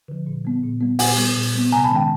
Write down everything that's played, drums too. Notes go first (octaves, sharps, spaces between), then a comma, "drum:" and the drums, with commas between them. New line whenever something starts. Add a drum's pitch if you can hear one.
D3 F3
A#2
G3 B3
A#2
G3 B3
A#2 F#5 G#5, drum: open hi-hat
G3 B3
A#2
G3 B3
C3 G#5 A#5
A5 B5
D#3 G#3 C#4
G5 A5